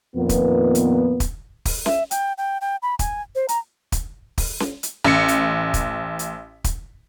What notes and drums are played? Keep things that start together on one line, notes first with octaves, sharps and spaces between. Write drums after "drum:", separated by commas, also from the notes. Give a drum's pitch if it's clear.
F2 A#2 D#3 A#3 B3
drum: kick, hi-hat
drum: hi-hat
drum: kick, hi-hat
drum: kick, open hi-hat
E5, drum: snare C#4
G5, drum: hi-hat
G5
G5
B5
G#5, drum: kick, hi-hat
C5
A#5, drum: hi-hat
drum: kick, hi-hat
drum: kick, open hi-hat
drum: snare C#4
drum: hi-hat
A1 C#7
drum: hi-hat
drum: kick, hi-hat
drum: hi-hat
drum: kick, hi-hat